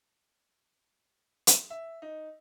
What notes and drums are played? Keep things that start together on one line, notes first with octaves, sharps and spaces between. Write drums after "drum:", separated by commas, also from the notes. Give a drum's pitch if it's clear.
drum: hi-hat
E5
D#4